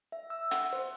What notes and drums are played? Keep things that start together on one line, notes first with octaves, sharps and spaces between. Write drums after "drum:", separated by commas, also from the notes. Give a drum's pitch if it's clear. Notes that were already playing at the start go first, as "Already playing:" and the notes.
E5
E6
F#5, drum: hi-hat
C5